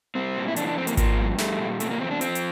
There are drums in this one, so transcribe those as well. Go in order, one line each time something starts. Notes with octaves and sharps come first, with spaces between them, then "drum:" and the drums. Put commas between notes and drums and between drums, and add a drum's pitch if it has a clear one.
G3 C4
A#2
E4
E3 D4, drum: hi-hat
D4
F2 C4
A#3, drum: hi-hat
F3 A#3, drum: kick G#1, hi-hat
G2
G3 A3, drum: snare
A#2
C3 A3, drum: hi-hat
A#3
E2 C4
D4
F3 C4, drum: hi-hat
drum: hi-hat